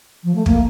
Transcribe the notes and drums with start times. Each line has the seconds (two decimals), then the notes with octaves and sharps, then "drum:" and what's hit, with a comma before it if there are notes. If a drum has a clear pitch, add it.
0.24 F3
0.35 A3
0.46 A#3, drum: kick